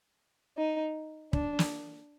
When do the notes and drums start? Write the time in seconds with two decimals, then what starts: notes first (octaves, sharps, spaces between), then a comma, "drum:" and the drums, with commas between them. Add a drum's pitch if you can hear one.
0.56 D#4
1.33 D4, drum: kick
1.59 drum: snare